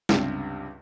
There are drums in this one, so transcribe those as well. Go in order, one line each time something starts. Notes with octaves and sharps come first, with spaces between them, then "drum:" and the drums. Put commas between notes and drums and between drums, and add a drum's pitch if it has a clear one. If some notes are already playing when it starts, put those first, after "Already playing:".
C#2 G2 C3, drum: snare